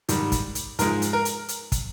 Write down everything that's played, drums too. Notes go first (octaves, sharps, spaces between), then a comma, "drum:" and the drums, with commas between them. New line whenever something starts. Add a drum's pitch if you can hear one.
G#2 D#3 G3, drum: hi-hat
drum: kick, hi-hat
drum: hi-hat
G#2 F3 G#3 A#4, drum: hi-hat
drum: hi-hat
A#4
drum: hi-hat
drum: hi-hat
drum: kick, hi-hat